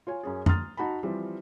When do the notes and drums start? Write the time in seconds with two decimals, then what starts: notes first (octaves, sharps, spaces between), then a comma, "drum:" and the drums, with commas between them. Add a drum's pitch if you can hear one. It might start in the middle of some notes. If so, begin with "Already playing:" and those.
0.07 F4 C#5 G#5
0.23 F#2 C#4 G#4
0.46 A#5 C6 D#6 F6 A6, drum: tom F2
0.77 D#4 F#4 A5 B5
1.03 E3 F3 G3 C4